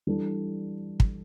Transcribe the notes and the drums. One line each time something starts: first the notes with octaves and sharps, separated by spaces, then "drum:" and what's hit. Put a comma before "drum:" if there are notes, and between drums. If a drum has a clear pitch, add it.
E3 G3 D4 A4
drum: kick